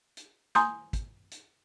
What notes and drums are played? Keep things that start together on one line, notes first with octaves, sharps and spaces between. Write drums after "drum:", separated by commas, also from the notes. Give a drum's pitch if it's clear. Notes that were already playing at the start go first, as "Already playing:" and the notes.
drum: hi-hat
G#5 A#5 C6 D#6 G6, drum: snare
drum: kick, hi-hat
drum: hi-hat